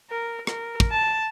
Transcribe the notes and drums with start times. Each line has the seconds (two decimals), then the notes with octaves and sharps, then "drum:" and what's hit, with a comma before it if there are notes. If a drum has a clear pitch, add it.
0.10 A#4
0.47 A#4, drum: rim click
0.80 drum: kick
0.91 A5